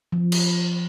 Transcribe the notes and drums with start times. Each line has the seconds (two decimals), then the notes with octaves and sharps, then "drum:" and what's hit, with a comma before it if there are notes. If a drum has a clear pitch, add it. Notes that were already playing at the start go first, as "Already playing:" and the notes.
0.12 F3
0.32 drum: cymbal